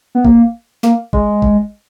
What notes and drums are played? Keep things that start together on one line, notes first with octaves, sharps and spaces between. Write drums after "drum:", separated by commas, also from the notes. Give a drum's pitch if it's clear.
B3
A#3, drum: kick G#1
A#3, drum: snare
G#3, drum: kick G#1
drum: kick G#1